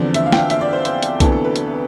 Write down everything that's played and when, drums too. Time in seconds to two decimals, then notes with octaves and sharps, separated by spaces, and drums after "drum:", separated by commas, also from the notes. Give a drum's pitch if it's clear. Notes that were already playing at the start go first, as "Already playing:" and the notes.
Already playing: E2 D3 F3 C4 D5
0.14 E5, drum: hi-hat
0.26 F5
0.32 G5, drum: snare
0.38 F5
0.50 E5, drum: hi-hat
0.61 D5
0.73 C5
0.85 C5, drum: hi-hat
1.03 drum: hi-hat
1.20 D2 C3 E3 B3 D4 A4, drum: kick B1, hi-hat
1.32 A4
1.44 B4
1.56 drum: hi-hat